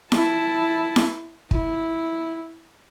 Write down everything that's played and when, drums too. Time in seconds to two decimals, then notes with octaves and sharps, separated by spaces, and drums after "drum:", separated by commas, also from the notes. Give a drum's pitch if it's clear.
0.12 E4 A5, drum: snare E4
0.96 drum: snare E4
1.51 E4, drum: kick